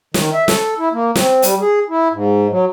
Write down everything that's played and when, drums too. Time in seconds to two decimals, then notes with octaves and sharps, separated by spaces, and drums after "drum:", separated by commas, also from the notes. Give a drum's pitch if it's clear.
0.14 D#3, drum: snare
0.33 E5
0.48 A4, drum: snare
0.79 E4
0.93 A#3
1.15 C4, drum: snare
1.42 G3, drum: hi-hat
1.61 G#4
1.90 E4
2.13 G#2
2.51 F#3